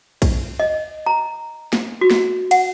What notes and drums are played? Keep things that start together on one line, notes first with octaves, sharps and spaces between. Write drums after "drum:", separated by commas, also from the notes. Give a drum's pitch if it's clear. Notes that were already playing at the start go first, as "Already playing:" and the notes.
drum: kick B1, cymbal
D#5
A#5
drum: snare
F#4
drum: snare
F#5, drum: cymbal